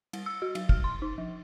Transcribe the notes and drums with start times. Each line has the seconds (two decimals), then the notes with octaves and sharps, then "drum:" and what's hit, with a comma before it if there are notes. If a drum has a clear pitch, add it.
0.13 G3, drum: cymbal
0.26 E6
0.42 F#4
0.55 F#3, drum: cymbal
0.69 F6, drum: kick
0.84 C6
1.02 D#4
1.18 F3